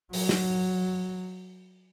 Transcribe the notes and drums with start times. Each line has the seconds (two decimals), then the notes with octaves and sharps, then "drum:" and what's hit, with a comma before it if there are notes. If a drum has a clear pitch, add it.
0.13 F#3, drum: open hi-hat
0.29 drum: snare